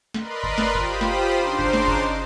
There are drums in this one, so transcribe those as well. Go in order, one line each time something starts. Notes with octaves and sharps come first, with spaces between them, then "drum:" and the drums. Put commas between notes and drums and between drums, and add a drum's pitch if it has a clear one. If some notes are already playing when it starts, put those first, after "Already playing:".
A#4 B4 D5 D#5 B5 C6, drum: snare
drum: kick G1
drum: snare
F4 G4 C5 B5 D#6, drum: kick G1
drum: snare
C#3 D4 D#4 C5 C6 D6
drum: kick G1
drum: snare
drum: kick G1